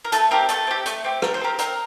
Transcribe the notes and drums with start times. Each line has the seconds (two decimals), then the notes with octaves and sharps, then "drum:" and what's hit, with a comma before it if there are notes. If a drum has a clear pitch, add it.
0.05 A#4
0.12 A3 A4, drum: hi-hat
0.31 C4 G4 A#4
0.49 A3 A4, drum: hi-hat
0.67 C4 G4
0.86 A3, drum: hi-hat
1.04 C4 G4
1.22 A3 A#4, drum: rim click
1.34 C5
1.41 C4 G4 A#4
1.59 C4 A#4, drum: hi-hat